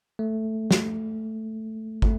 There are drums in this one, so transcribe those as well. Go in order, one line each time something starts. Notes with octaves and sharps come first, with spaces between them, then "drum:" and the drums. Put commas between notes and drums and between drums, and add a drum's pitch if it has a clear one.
A3
drum: snare
A3, drum: kick